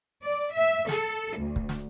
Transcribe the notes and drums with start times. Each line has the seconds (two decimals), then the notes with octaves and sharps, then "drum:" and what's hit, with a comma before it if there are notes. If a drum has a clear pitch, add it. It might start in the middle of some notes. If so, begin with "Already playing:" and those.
0.25 D5
0.55 E5
0.89 A4, drum: snare
1.39 D2
1.56 drum: kick
1.69 drum: snare